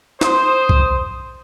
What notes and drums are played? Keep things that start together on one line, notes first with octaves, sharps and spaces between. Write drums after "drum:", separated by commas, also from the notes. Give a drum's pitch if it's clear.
C5 D#6, drum: snare
drum: kick